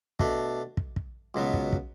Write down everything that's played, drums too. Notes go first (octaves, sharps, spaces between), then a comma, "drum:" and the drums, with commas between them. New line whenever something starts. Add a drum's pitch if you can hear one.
B2 A3 D4, drum: kick
drum: kick
drum: kick
C#2 B2 F#3 B3
drum: kick
drum: kick